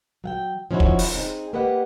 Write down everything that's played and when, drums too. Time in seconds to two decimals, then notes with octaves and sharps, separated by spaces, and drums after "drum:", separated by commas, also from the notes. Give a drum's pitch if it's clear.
0.24 F#3 F#5 G5
0.71 F3 C#4 D#4 E4 F#4
0.80 drum: kick
0.99 drum: open hi-hat
1.14 C4 D#4 G#4
1.53 A#3 G4 B4 D5 D#5 F#5